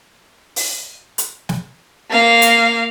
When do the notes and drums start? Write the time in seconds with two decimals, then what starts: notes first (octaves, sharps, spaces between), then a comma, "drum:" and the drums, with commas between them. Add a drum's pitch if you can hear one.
0.56 drum: open hi-hat
1.18 drum: hi-hat
1.49 drum: snare
2.11 A#3 F5
2.42 drum: hi-hat